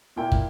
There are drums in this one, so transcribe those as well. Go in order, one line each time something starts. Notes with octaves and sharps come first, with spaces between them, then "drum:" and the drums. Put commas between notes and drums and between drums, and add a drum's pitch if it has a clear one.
A#2 A#3 E4 G5
drum: kick